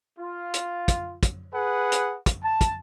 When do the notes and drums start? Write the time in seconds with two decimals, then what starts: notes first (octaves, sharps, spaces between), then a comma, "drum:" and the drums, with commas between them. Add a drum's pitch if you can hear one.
0.19 F4
0.54 drum: hi-hat
0.88 drum: kick, hi-hat
1.23 drum: kick, hi-hat
1.54 G#4 B4 F#5
1.92 drum: hi-hat
2.26 drum: kick, hi-hat
2.44 A5
2.61 drum: kick, hi-hat